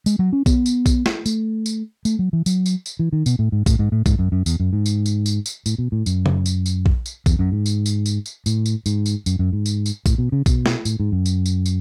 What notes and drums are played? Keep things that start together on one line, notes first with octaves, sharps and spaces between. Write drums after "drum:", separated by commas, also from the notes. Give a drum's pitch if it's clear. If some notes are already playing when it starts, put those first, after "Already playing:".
G#3, drum: tambourine
F#3
C#4
B3, drum: kick A#1, tambourine
drum: tambourine
drum: kick A#1, tambourine
drum: snare
A3, drum: tambourine
drum: tambourine
A3, drum: tambourine
F#3
E3
F#3, drum: tambourine
drum: tambourine
drum: tambourine
E3
D#3
B2, drum: tambourine
A2
G#2
A2, drum: kick A#1, tambourine
G#2
A2
G#2, drum: kick A#1, tambourine
F#2
F#2
E2, drum: tambourine
F#2
G#2
drum: tambourine
drum: tambourine
drum: tambourine
drum: tambourine
A2, drum: tambourine
B2
A2
F#2, drum: tambourine
drum: tom
drum: tambourine
drum: tambourine
drum: kick A#1
drum: tambourine
E2, drum: kick A#1, tambourine
F#2
G#2
drum: tambourine
drum: tambourine
drum: tambourine
drum: tambourine
A2, drum: tambourine
drum: tambourine
G#2, drum: tambourine
drum: tambourine
F#2, drum: tambourine
F#2
G#2
drum: tambourine
drum: tambourine
A2, drum: kick A#1, tambourine
B2
C#3
B2, drum: kick A#1, tambourine
drum: snare
A2, drum: tambourine
G#2
F#2
drum: tambourine
drum: tambourine
drum: tambourine